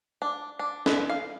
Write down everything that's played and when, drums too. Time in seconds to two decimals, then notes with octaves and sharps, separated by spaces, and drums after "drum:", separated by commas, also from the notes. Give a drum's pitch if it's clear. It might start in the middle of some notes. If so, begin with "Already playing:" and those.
0.22 D4
0.59 D4
0.86 B4, drum: snare
1.09 F5